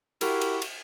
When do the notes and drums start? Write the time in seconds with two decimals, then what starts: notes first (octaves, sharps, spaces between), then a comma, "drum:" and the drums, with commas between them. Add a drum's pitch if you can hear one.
0.21 E4 F#4 G4 A#4, drum: cymbal
0.41 drum: cymbal
0.62 drum: cymbal